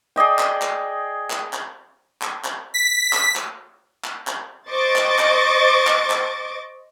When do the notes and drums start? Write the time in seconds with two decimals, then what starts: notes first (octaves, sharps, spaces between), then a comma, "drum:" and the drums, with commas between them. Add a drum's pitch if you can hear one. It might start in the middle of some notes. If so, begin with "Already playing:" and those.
0.16 G#4 D5 D#5 G5
0.39 drum: clap
0.62 drum: clap
1.30 drum: clap
1.53 drum: clap
2.22 drum: clap
2.44 drum: clap
2.74 B6
3.13 drum: clap
3.36 drum: clap
4.04 drum: clap
4.27 drum: clap
4.70 C5 D#5 C#6 D6 A6
4.96 drum: clap
5.19 drum: clap
5.87 drum: clap
6.10 drum: clap